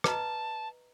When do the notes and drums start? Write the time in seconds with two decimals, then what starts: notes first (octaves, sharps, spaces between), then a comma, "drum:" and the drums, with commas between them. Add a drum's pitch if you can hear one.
0.04 B4 D#5 A5 A#5, drum: rim click